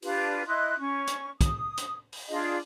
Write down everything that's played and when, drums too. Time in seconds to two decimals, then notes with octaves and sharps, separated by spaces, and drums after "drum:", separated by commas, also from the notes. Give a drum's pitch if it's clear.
0.02 D4 F4 G4 B4, drum: open hi-hat
0.46 E4 D#5 C6 F#6
0.78 C#4 C#6
1.07 drum: hi-hat
1.41 D#6, drum: kick, hi-hat
1.77 drum: hi-hat
2.13 drum: open hi-hat
2.29 D4 F4 G#4 D#5